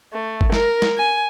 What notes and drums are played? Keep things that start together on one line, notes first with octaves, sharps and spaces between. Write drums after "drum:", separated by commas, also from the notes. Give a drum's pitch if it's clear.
A3
drum: kick
A#4, drum: snare
drum: snare
G#5